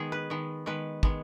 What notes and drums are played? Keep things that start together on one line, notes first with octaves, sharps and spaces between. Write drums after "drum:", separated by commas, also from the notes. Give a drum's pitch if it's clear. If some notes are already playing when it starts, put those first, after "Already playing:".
Already playing: D#3 G#3 B3 G#4
B4
D#3 G#3 B3
D#3 G#3 B3 B4
D#3 G#3 B3, drum: kick